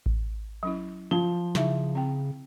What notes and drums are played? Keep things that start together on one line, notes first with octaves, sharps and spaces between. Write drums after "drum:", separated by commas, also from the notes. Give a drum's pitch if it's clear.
drum: kick A1
F#3 C#4 E4
F3 F4 G7
C#3 D#4 E4 E5, drum: snare
C4 G5